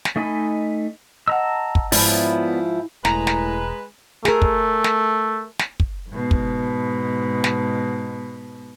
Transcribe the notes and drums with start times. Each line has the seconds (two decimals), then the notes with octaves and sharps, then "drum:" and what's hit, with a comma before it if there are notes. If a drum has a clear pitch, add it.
0.05 drum: snare
0.16 A3 D#4 D#5 G#5 B5
1.28 D#5 F#5 A5 A#5 E6
1.75 drum: kick
1.92 G#2 F3 B3 E4 C#5 D5, drum: open hi-hat
3.05 E1 A2 G#3 B4 A#5, drum: snare
3.27 drum: snare
4.25 A3 G#4 A#4, drum: snare
4.42 drum: kick
4.84 drum: snare
5.59 drum: snare
5.80 drum: kick
6.09 G#2 B2
6.31 drum: kick
7.44 drum: snare